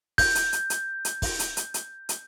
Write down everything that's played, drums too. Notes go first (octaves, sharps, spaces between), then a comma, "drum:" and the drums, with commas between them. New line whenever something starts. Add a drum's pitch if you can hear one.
G6, drum: kick, open hi-hat
drum: hi-hat
drum: hi-hat
drum: hi-hat
drum: hi-hat
drum: kick, open hi-hat
drum: hi-hat
drum: hi-hat
drum: hi-hat
drum: hi-hat